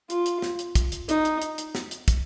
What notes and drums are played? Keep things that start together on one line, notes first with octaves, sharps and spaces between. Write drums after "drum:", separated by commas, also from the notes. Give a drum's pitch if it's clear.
F4, drum: hi-hat
drum: hi-hat
drum: snare
drum: hi-hat
drum: kick, hi-hat
drum: hi-hat
D#4, drum: hi-hat
drum: hi-hat
drum: hi-hat
drum: hi-hat
drum: snare
drum: hi-hat
drum: kick, hi-hat